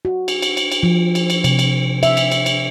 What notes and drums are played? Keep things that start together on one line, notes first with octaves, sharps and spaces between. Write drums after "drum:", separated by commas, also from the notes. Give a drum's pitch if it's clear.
F#4
drum: cymbal
drum: cymbal
drum: cymbal
drum: cymbal
F3
drum: cymbal
drum: cymbal
C3, drum: cymbal
drum: cymbal
E5, drum: cymbal
drum: cymbal
drum: cymbal
drum: cymbal